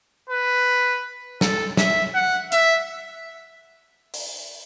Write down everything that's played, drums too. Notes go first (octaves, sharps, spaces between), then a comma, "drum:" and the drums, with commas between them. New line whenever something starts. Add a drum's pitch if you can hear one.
B4
A4, drum: snare
E5, drum: snare
F#5
E5, drum: hi-hat
drum: open hi-hat